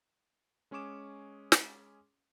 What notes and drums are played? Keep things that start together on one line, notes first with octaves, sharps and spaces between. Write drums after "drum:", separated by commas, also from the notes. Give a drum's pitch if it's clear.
G#3 C#4 G#4 C#6 D6 E7
drum: snare